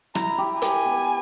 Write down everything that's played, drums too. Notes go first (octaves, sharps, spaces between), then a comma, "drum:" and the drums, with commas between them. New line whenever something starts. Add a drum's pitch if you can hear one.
E4 A#5, drum: rim click
G4
G4 G#5, drum: hi-hat
B3